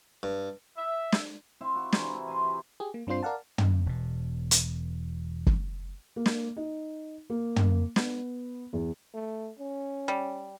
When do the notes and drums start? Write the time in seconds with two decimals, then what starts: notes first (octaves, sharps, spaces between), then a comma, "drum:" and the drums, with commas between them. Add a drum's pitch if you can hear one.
0.23 G2
0.78 E5
1.12 drum: snare
1.61 C4 E4 E5 F5
1.75 F#4
1.92 C3 E3 A#4, drum: snare
2.28 G#5 A#5 C6
2.44 G4
2.80 G4 G#4
2.94 A#3
3.07 G2 C4 D4 F4 C5 C7
3.23 A#4 D5 F5 F#5 A5
3.58 drum: tom
3.86 E1 B2
4.51 drum: hi-hat
5.47 drum: kick
6.16 A#3
6.26 drum: snare
6.57 D#4
7.30 A#3
7.56 drum: tom
7.96 B3, drum: snare
8.73 E2
9.14 A3
9.59 C#4
10.08 G3